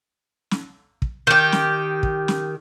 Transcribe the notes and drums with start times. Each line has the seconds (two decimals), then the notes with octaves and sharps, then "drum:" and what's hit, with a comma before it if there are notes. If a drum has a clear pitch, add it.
0.51 drum: snare
1.02 drum: kick
1.27 D#3 G4
1.52 drum: snare
2.03 drum: kick
2.28 drum: snare